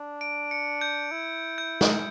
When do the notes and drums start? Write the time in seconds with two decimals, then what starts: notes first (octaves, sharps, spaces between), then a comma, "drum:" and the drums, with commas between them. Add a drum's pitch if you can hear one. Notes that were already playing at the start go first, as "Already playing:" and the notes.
Already playing: D4
0.21 D7
0.51 C#7
0.81 G6
1.12 E4
1.58 G6
1.81 drum: snare